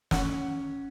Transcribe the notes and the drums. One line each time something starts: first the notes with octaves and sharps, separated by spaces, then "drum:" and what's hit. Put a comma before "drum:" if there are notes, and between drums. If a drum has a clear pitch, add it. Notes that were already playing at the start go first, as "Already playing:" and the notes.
C#4 F#5, drum: snare